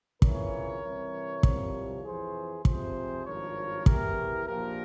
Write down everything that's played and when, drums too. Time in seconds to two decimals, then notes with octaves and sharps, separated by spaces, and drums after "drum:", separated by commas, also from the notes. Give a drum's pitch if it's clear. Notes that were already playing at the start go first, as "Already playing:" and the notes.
0.22 F2 C#3 E3 A#4 C#5, drum: kick
0.82 C2 C3 E3
1.43 C2 C3 F3, drum: kick
2.04 F2 E3 G#4 C5
2.65 F2 C3 F3 G#4 C5, drum: kick
3.26 G#1 G2 F3 A#4 C#5
3.86 E2 E3 G4 A#4, drum: kick
4.47 A#1 A#2 F3 G4 A#4